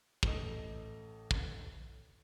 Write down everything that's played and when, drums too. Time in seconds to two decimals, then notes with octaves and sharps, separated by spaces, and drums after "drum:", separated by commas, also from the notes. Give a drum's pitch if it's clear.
0.23 A1 A3 D#5, drum: kick
1.31 drum: kick